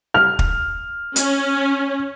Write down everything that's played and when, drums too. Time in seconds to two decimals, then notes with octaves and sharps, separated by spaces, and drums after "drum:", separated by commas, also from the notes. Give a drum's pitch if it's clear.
0.14 F6
0.39 drum: kick
1.16 C#4, drum: hi-hat